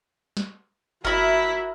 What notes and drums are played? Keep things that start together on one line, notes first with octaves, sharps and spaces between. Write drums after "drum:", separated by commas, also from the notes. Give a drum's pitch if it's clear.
drum: snare
E4 F#4 A#4 E5 B5, drum: kick G1